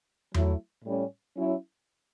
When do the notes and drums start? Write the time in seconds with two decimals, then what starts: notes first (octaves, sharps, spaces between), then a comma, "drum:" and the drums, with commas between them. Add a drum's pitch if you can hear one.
0.34 F#3 A3 E4, drum: tom E2
0.84 A2 G3 C#4
1.36 F#3 C#4 E4